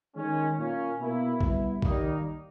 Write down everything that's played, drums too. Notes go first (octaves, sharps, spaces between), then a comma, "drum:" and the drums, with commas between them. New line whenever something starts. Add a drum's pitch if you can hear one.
D#3 G#3 C#4
A#2 A#3 C#4
B2 A#3 E4
G3 B3 E4, drum: kick
D#3 G3 A#3 D#4, drum: kick